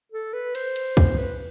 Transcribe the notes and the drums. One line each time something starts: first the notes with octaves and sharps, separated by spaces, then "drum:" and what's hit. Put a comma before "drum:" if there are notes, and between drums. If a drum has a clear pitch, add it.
A4
B4
C5, drum: cymbal
drum: cymbal
drum: kick, cymbal
B4